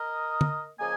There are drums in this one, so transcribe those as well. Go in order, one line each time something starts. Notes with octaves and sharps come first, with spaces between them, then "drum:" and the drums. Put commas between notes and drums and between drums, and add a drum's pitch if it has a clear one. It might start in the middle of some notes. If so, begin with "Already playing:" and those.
Already playing: A#4 D#5
drum: tom
C#3 F3 A#3 D#5 G#5